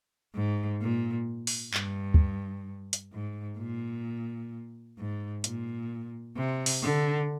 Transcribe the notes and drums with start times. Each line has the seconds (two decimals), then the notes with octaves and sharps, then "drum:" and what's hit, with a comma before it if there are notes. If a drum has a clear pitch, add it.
0.35 G#2
0.81 A#2
1.47 drum: open hi-hat
1.74 G2, drum: clap
2.14 drum: kick
2.93 drum: hi-hat
3.12 G#2
3.58 A#2
4.98 G#2
5.44 A#2, drum: hi-hat
6.37 C3
6.66 drum: open hi-hat
6.83 D3